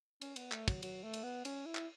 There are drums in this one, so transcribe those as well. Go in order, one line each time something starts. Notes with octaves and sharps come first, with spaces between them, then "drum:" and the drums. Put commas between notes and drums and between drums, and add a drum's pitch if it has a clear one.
C#4, drum: cymbal
B3, drum: cymbal
A3, drum: clap
F#3, drum: kick, cymbal
F#3, drum: cymbal
A3
drum: cymbal
B3
C#4, drum: cymbal
E4
drum: clap